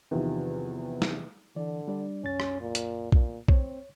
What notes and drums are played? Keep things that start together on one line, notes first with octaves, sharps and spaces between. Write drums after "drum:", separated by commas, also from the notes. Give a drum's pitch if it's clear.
E2 C3 D#3 F3
drum: snare
D3 E3 D5
G3 D4 D5
C2 F#2 C#4 A6
drum: rim click
A#2
drum: hi-hat
A#2, drum: kick B1
C4 C#5, drum: kick B1